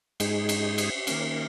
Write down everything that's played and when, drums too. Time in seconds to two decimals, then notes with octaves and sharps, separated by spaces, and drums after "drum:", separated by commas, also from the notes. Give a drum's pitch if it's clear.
0.20 G#2 G#3 D#4 G#4, drum: cymbal
0.49 drum: cymbal
0.78 drum: cymbal
1.07 D#3 A#3 C#4, drum: cymbal